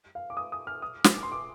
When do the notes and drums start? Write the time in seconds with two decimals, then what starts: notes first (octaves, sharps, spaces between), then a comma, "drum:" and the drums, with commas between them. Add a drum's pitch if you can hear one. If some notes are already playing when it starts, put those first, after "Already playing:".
0.15 F5
0.30 D6
0.37 D#6
0.52 D#6
0.67 F6
0.82 D#6
1.04 D#6, drum: snare
1.14 D6
1.23 C6
1.32 D6